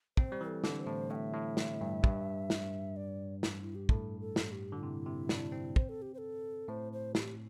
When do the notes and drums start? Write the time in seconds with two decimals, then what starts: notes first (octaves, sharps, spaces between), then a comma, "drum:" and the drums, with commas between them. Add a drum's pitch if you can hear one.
0.17 C4 C5, drum: kick
0.32 G3
0.41 E3
0.49 A4
0.64 D3, drum: snare
0.80 C5
0.87 A2
1.10 A2 G5
1.15 E5
1.34 A2
1.57 drum: snare
1.81 G2
2.04 G2, drum: kick
2.50 drum: snare
2.97 D5
3.43 drum: snare
3.62 E4
3.75 G4
3.89 A2 A4, drum: kick
4.20 A4
4.36 drum: snare
4.52 G4
4.72 D3
4.82 C3 E4
5.06 C3
5.29 D4, drum: snare
5.52 C4
5.76 C5, drum: kick
5.89 A4
6.02 G4
6.14 C5
6.18 A4
6.68 A2 C5
6.93 C5
7.15 G4, drum: snare